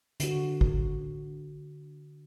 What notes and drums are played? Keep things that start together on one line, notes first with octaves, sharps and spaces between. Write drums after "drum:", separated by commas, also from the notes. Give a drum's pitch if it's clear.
D3 F#4, drum: hi-hat
drum: kick